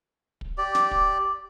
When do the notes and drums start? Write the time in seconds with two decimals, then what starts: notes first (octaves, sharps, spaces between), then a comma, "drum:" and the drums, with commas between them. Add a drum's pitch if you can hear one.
0.41 drum: kick
0.58 G4 D5
0.75 drum: snare
0.91 drum: kick